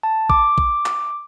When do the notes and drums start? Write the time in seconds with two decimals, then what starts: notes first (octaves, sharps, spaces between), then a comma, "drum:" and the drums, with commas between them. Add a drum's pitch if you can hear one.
0.03 A5
0.30 D6, drum: kick A#1
0.58 drum: kick A#1
0.86 drum: clap